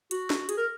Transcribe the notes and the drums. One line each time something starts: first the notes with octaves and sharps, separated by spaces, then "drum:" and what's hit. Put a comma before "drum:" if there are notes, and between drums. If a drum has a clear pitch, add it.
F#4, drum: hi-hat
drum: snare
G#4, drum: hi-hat
A#4